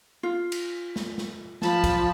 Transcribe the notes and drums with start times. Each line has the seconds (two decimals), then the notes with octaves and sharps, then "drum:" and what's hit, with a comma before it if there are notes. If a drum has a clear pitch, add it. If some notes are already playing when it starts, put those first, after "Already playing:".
0.23 F4
0.52 drum: cymbal
0.96 drum: snare
1.18 drum: snare
1.62 F3 A5 B5, drum: snare
1.84 drum: kick, cymbal